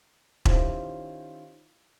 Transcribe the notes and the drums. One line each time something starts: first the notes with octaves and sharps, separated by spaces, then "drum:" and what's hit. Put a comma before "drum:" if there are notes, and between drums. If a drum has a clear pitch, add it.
D#3 C#4 E4 F4 G4 C5, drum: kick E1